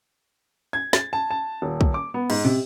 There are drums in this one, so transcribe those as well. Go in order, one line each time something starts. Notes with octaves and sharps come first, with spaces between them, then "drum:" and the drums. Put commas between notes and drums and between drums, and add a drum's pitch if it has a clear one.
G#6
A6, drum: snare
A5
A5
D#1
drum: kick
D6
B3
G#2, drum: cymbal
C3